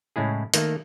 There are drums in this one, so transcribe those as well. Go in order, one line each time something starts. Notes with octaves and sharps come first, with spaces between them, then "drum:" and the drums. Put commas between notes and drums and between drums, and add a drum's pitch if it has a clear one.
A2 C#3 G#3 E4 G#4
D#3 A3 A#3, drum: hi-hat